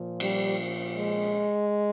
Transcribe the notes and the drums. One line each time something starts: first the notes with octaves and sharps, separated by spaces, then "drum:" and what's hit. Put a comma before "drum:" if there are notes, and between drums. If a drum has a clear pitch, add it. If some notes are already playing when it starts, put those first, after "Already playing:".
Already playing: A#2 F3
G3, drum: cymbal
G#3